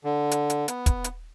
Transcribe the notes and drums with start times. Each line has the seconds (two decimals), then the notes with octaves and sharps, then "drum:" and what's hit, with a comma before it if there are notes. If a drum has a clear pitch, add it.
0.04 D3
0.31 drum: hi-hat
0.50 drum: hi-hat
0.68 B3, drum: hi-hat
0.86 drum: kick, hi-hat
1.04 drum: hi-hat